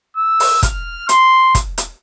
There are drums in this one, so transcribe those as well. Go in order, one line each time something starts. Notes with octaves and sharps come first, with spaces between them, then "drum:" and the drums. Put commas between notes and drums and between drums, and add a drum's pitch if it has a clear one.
E6
drum: open hi-hat
F6, drum: kick, hi-hat
C6, drum: hi-hat
drum: kick, hi-hat
drum: hi-hat